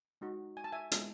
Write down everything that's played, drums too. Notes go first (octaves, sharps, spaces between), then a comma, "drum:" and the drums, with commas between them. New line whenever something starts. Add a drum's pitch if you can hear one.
G#3 D#4 F#4
G#5
A5
E5 G#5
G#3 B3 E4, drum: hi-hat